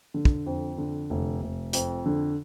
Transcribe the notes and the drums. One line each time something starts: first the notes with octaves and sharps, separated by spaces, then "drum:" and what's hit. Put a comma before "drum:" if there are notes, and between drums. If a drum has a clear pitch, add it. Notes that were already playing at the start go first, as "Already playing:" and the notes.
D3
drum: kick
F2
D3
F1
F1
F2, drum: hi-hat
D3